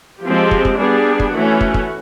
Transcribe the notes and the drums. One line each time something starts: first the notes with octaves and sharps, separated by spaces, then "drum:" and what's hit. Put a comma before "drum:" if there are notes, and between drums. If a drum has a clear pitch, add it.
F3 G#3 C4 G4
drum: kick
drum: kick
G3 B3 D4 G#4
drum: kick
E3 A3 C#4 F#4
drum: kick
drum: kick